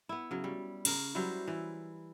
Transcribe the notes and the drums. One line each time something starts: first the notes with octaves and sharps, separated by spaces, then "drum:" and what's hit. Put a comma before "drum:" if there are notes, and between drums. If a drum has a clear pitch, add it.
B3 E4
C#3 F#3
G3
C#3 A#4, drum: cymbal
F#3 G3 E4 C5
E3